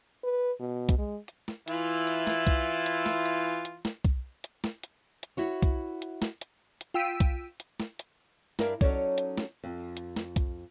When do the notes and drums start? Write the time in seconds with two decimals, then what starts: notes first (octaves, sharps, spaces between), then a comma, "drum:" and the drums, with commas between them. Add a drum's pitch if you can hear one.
0.24 B4
0.60 B2
0.89 drum: kick, hi-hat
0.98 G#3
1.28 drum: hi-hat
1.48 drum: snare
1.68 E3 E4 F4, drum: hi-hat
2.07 drum: hi-hat
2.27 drum: snare
2.47 drum: kick, hi-hat
2.86 drum: hi-hat
3.06 drum: snare
3.26 drum: hi-hat
3.65 drum: hi-hat
3.85 drum: snare
4.05 drum: kick, hi-hat
4.44 drum: hi-hat
4.64 drum: snare
4.84 drum: hi-hat
5.23 drum: hi-hat
5.37 E4 F#4 C#5
5.62 drum: kick, hi-hat
6.02 drum: hi-hat
6.22 drum: snare
6.41 drum: hi-hat
6.81 drum: hi-hat
6.94 F4 G5 E6 B6 D7 D#7
7.20 drum: kick, hi-hat
7.60 drum: hi-hat
7.80 drum: snare
7.99 drum: hi-hat
8.59 G2 D4 E4 A#4 D5 F5, drum: snare
8.81 F#3 C#4 D#4 A4 C#5 D5, drum: kick, hi-hat
9.18 drum: hi-hat
9.38 drum: snare
9.64 F2
9.97 drum: hi-hat
10.16 drum: snare
10.36 drum: kick, hi-hat